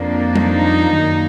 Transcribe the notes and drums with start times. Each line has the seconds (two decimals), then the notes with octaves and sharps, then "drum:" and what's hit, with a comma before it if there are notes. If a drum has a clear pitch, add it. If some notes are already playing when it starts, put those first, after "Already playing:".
Already playing: F2 F3 A#3 D4
0.36 D#4, drum: tom G3
0.95 F#2 D#3 A#3